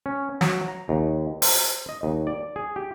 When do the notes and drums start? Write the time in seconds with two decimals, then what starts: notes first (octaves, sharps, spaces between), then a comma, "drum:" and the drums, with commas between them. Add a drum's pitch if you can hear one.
0.06 C#4
0.41 F#3, drum: snare
0.68 A#5
0.89 D#2
1.42 C5, drum: open hi-hat
1.89 D#5
2.03 D#2
2.27 D5
2.56 G#4
2.76 G4